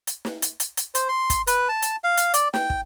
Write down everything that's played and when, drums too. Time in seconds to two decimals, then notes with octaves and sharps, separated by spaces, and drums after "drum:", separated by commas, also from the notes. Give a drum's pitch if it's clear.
0.07 drum: hi-hat
0.25 drum: snare
0.42 drum: hi-hat
0.60 drum: hi-hat
0.77 drum: hi-hat
0.95 C5, drum: hi-hat
1.09 C6
1.30 drum: kick, hi-hat
1.47 B4, drum: hi-hat
1.69 A5
1.82 drum: hi-hat
2.04 F5
2.17 drum: hi-hat
2.34 D5, drum: hi-hat
2.54 G5, drum: snare
2.70 drum: kick